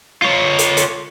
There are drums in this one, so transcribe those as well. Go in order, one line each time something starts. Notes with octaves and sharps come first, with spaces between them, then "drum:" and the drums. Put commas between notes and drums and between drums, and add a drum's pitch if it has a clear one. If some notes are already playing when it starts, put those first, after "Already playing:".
F4 C#5
drum: hi-hat
drum: hi-hat